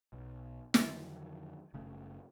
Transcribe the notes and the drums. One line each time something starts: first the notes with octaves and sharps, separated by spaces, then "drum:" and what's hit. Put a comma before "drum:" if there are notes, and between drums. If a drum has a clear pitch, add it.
B1
F2 D3 D#3 F#3, drum: snare
F#1 C#3 A3